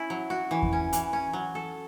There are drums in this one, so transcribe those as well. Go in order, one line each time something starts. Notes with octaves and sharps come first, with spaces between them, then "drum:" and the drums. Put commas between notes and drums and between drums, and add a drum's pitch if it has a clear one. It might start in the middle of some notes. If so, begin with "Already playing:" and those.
Already playing: C#4 E4
F#3
F#4
E3
drum: kick E2
C#4
E3, drum: hi-hat
C#4
F#3
A4